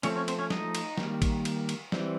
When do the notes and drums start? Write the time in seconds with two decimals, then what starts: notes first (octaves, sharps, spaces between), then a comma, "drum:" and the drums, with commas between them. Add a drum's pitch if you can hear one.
0.03 F3 A3 C4 C#4 C#5, drum: cymbal
0.16 C#4 C#5
0.28 C4 C5, drum: cymbal
0.39 C#4 C#5
0.50 D#4 D#5, drum: snare
0.75 drum: cymbal
0.98 D#3 G3 A#3, drum: snare
1.22 drum: kick A1, cymbal
1.45 drum: cymbal
1.69 drum: cymbal
1.92 E3 G3 C4, drum: snare